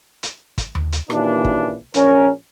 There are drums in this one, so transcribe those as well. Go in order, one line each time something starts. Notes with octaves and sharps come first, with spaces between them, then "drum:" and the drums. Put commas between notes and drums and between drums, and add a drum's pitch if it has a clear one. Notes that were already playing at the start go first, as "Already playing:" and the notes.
drum: hi-hat
drum: kick, hi-hat
drum: tom D#2
drum: hi-hat
D#2 A#2 C#3 E3 D4, drum: rim click
drum: kick
A#1 C#4 A#4, drum: hi-hat